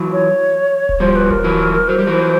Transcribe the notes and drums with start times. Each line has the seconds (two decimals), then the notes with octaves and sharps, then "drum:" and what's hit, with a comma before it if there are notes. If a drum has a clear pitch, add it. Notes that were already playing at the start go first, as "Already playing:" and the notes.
Already playing: E3 F#3
0.12 C#5
0.89 drum: kick D1
1.00 F3 G3 C5
1.16 B4
1.31 A#4, drum: kick D1
1.44 E3 F#3
1.88 F#3 C5
1.99 G3
2.07 E3 F#3